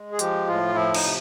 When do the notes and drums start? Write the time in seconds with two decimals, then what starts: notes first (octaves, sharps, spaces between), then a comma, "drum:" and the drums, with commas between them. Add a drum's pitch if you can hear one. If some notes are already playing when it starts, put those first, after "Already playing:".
Already playing: G#3
0.12 G#4
0.19 F3 G4, drum: hi-hat
0.47 A2 F4
0.75 F3 E4
0.94 D#4, drum: cymbal
1.04 C3